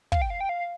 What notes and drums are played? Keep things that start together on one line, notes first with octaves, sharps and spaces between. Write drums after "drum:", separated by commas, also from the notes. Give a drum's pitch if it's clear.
F5, drum: kick
G5
F5
G5
F5